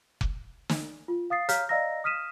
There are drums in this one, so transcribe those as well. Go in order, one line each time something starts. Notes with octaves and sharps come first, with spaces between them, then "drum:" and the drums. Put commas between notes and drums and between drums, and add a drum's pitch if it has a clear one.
drum: kick F1
drum: snare
F4
F5 D#6 A6 C7
C#5 F5 A#5 F6 G6 B6, drum: hi-hat
D5 D#5 F5 A#5 E6 A#6
D#6 F6 B6 D#7 E7